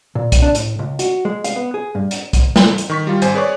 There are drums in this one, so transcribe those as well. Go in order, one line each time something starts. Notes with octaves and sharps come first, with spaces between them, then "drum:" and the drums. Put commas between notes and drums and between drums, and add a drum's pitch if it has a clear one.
A#2
drum: kick, hi-hat
D4
A2, drum: hi-hat
C#2
F#4, drum: hi-hat
G#3
F5, drum: hi-hat
B3
G#4
G2
drum: hi-hat
drum: kick, hi-hat
drum: snare
drum: hi-hat
D#3 C#6 B6
G3 F4
G#1 C5 G#5, drum: hi-hat
G#4 B4 C#5 D5 C#6 D6